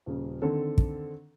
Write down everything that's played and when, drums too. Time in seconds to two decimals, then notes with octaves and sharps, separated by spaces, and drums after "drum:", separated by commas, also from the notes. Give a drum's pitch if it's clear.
0.06 D#1 C#3
0.42 D3 D#3 C4 A4
0.78 drum: kick